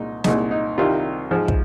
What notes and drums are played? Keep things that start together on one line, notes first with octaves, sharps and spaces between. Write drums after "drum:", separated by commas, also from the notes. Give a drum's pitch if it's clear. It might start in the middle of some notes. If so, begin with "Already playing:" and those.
Already playing: C2 A#2 G#3 D#4
C2 A#2 G#3 D#4, drum: snare
D#4
C2 C3 D#3 G3 F4
G#2 F3 G#3
drum: kick